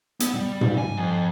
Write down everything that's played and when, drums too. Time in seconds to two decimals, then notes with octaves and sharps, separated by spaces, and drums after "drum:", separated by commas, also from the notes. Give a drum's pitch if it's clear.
0.20 B3, drum: hi-hat
0.34 G3
0.61 drum: tom G#2
0.78 G#5
0.98 F2